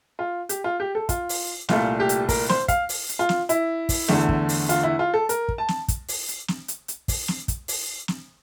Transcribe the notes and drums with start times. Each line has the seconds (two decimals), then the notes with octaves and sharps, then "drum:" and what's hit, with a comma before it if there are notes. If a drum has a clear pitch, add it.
0.19 F4
0.49 G4, drum: hi-hat
0.64 F4
0.80 G4
0.95 A4
1.09 F4, drum: kick, hi-hat
1.29 drum: open hi-hat
1.69 C2 A#2 A3 F4, drum: snare
2.00 G4
2.09 drum: hi-hat
2.29 A#4, drum: kick, open hi-hat
2.49 C5, drum: snare
2.68 F5, drum: kick, hi-hat
2.89 drum: open hi-hat
3.09 drum: hi-hat
3.19 F4
3.29 drum: snare
3.49 E4, drum: hi-hat
3.89 drum: kick, open hi-hat
4.08 E2 D3 A3, drum: snare
4.29 drum: kick
4.49 drum: open hi-hat
4.69 F4, drum: hi-hat
4.83 E4
4.99 F4
5.14 A4
5.29 A#4, drum: hi-hat
5.49 drum: kick
5.58 A5
5.68 drum: snare
5.88 drum: kick, hi-hat
6.08 drum: open hi-hat
6.28 drum: hi-hat
6.48 drum: snare
6.68 drum: hi-hat
6.88 drum: hi-hat
7.08 drum: kick, open hi-hat
7.28 drum: snare
7.48 drum: kick, hi-hat
7.68 drum: open hi-hat
8.08 drum: snare